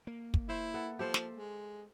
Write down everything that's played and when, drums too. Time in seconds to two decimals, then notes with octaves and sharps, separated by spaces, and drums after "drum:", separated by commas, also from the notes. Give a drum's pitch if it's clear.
0.07 A#3
0.34 drum: kick
0.49 E4 C5 E5
0.74 B3 A4
0.99 F3 G4 A4 C5
1.14 drum: snare
1.37 G#3